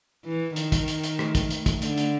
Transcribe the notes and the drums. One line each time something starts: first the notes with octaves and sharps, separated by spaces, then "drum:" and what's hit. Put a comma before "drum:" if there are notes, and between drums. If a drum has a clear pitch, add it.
E3
D#3, drum: hi-hat
drum: kick, hi-hat
drum: hi-hat
drum: hi-hat
A3, drum: rim click
drum: kick, hi-hat
drum: hi-hat
drum: kick, hi-hat
D3, drum: hi-hat
drum: hi-hat